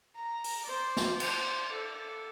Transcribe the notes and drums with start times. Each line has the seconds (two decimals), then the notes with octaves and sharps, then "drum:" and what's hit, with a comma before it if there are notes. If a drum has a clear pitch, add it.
0.16 A#5
0.44 drum: open hi-hat
0.68 C5 D5
0.97 drum: snare
1.20 C5, drum: cymbal
1.72 A4